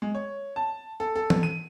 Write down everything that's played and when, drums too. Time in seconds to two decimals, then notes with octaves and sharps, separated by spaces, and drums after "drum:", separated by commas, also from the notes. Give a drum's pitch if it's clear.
0.02 G#3
0.15 C#5
0.56 A5
1.00 A4
1.16 A4
1.30 drum: tom E3
1.43 D#7